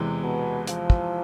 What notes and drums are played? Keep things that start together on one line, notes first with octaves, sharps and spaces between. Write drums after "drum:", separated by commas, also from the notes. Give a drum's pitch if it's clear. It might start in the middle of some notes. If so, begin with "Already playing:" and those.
Already playing: E2 C3 E3 G#3
B2
F3, drum: hi-hat
drum: kick